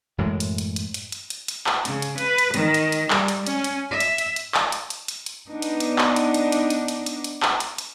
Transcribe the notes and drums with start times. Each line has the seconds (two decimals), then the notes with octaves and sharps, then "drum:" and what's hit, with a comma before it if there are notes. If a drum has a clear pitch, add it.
0.18 F#2 A2 E3 G#3
0.40 drum: hi-hat
0.58 drum: hi-hat
0.76 drum: hi-hat
0.94 drum: hi-hat
1.12 drum: hi-hat
1.30 drum: hi-hat
1.48 drum: hi-hat
1.66 drum: clap
1.85 C#3, drum: hi-hat
2.02 drum: hi-hat
2.18 B4, drum: hi-hat
2.38 drum: hi-hat
2.54 D#3, drum: hi-hat
2.74 drum: hi-hat
2.92 drum: hi-hat
3.10 G3, drum: clap
3.28 drum: hi-hat
3.47 C#4, drum: hi-hat
3.64 drum: hi-hat
3.91 E5
4.00 drum: hi-hat
4.18 drum: hi-hat
4.36 drum: hi-hat
4.54 drum: clap
4.72 drum: hi-hat
4.90 drum: hi-hat
5.08 drum: hi-hat
5.26 drum: hi-hat
5.48 B3 D4 D#4
5.62 drum: hi-hat
5.80 drum: hi-hat
5.98 drum: clap
6.16 drum: hi-hat
6.34 drum: hi-hat
6.52 drum: hi-hat
6.70 drum: hi-hat
6.88 drum: hi-hat
7.06 drum: hi-hat
7.24 drum: hi-hat
7.42 drum: clap
7.60 drum: hi-hat
7.78 drum: hi-hat